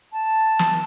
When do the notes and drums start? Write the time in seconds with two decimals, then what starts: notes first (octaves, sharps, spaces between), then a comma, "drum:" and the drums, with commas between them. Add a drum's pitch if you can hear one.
0.13 A5
0.59 drum: snare